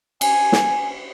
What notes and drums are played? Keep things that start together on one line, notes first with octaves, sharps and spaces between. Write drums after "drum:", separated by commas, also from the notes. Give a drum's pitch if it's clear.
G#5, drum: cymbal
drum: snare